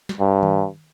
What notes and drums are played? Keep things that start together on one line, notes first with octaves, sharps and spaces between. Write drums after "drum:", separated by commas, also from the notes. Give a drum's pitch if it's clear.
drum: snare
G2
drum: tom D#3